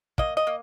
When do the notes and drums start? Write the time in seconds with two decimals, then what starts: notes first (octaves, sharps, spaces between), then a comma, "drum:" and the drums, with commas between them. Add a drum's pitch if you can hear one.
0.18 A#3 D#5, drum: kick
0.37 D#5
0.47 A#3